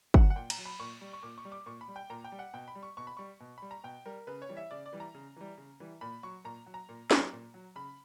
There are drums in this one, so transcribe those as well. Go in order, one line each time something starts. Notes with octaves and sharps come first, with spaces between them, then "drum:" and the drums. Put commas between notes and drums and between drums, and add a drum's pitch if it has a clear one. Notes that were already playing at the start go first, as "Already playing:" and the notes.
F#3 F#5, drum: kick G1
F#5
A#2 G5
A#5, drum: cymbal
F#3
B5
A#2 C#6
G3
C#6
A#2 D6
C#6
G3
D6
A#2 C#6
B5
G3
G5
A#2 A#5
G5
G3
F#5
B2 G5
B5
G3
C#6
B2 C#6
B5
G3 C#6
B2
G3 B5
A#5
B2 G5
G3 A#4
C#3 B4
C#5
E3 G3
E5
C#3 D5
D5
E3 G3
A#5
C#3
E3 G3
C#3
E3 G3
A#2 B5
F#3 C#6
A#2 A#5
F#3
A#5
A#2
F#3, drum: snare
A#2
F#3
C#3 B5